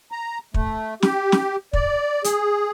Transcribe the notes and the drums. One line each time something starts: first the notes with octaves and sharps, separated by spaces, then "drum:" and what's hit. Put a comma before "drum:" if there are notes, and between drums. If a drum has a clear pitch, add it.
A#5
A3, drum: kick
G4, drum: snare
drum: snare
D5, drum: kick
G#4, drum: hi-hat